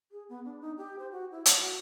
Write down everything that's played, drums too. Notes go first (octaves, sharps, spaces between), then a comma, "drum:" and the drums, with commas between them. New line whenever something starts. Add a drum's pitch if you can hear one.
G#4
B3
D4
D#4
G4
C5
F#4
E4
F#5, drum: hi-hat
F#4